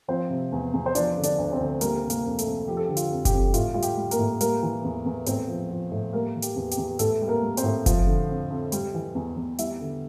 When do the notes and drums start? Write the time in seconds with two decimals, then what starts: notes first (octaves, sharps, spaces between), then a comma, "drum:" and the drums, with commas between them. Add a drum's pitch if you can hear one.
0.08 F3 C4 C5
0.30 C3
0.52 E2
0.74 E2
0.86 C5
0.95 F3 D4 D5, drum: hi-hat
1.17 D3
1.23 D4 D5, drum: hi-hat
1.38 D2
1.52 C4 C5
1.60 D2
1.81 G3 A#3 A#4, drum: hi-hat
2.04 C3
2.10 A#3 A#4, drum: hi-hat
2.25 F2
2.39 A3 A4, drum: hi-hat
2.46 F2
2.67 F3 G4
2.77 A4
2.85 G4
2.89 D3
2.97 F4, drum: hi-hat
3.12 F2
3.25 G4, drum: kick F#1, hi-hat
3.33 F2
3.54 A2 F4, drum: hi-hat
3.74 G3 F4
3.82 G4, drum: hi-hat
3.97 G3
4.11 A#3 A#4, drum: hi-hat
4.19 A2
4.41 G3 A#3 A#4, drum: hi-hat
4.63 E3
4.84 E2
5.06 E2
5.26 A2 C4 C5, drum: hi-hat
5.48 F3
5.71 F3
5.92 A2
6.13 G3 A#3 A#4
6.35 E3
6.42 G4, drum: hi-hat
6.56 E2
6.71 G4, drum: hi-hat
6.77 E2
6.99 A2 A3 A4, drum: hi-hat
7.22 G3
7.28 A#3 A#4
7.42 G3
7.57 C4 C5, drum: hi-hat
7.64 A2
7.86 F3, drum: kick F#1, hi-hat
8.07 D3
8.30 F2
8.51 F2
8.72 G3, drum: hi-hat
8.94 E3
9.15 E2
9.37 E2
9.59 G3 E4 E5, drum: hi-hat
9.81 D3